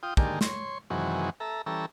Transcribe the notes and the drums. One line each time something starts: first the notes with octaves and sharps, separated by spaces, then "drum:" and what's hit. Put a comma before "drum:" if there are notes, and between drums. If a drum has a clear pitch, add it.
F4 G5 D#6
D3 D#3 G#3 A#3 G4, drum: kick
C#5 C6, drum: snare
F#2 C3 D#3 E3 F#3 G#3
A4 E5 A#5
E3 G3 C#4 A4 A#5 E6